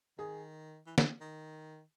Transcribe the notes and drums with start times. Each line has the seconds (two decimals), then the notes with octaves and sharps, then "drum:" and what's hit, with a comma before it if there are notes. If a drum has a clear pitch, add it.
0.18 D#3 G#4
0.87 E3
0.98 E3, drum: snare
1.21 D#3